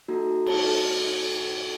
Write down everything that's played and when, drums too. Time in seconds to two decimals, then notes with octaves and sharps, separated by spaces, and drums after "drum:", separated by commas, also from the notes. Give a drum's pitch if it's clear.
0.08 A#3 D#4 F#4 A4 A#5
0.46 A5, drum: cymbal